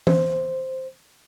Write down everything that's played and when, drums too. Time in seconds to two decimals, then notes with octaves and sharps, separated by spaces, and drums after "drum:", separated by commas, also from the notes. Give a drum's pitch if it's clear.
0.07 C5, drum: tom E3